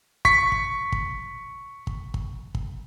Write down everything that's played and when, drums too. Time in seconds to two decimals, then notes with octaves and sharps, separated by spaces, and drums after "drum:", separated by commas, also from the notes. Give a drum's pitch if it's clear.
0.25 C#6 B6, drum: kick
0.52 drum: kick
0.92 drum: kick
1.87 drum: kick
2.14 drum: kick
2.55 drum: kick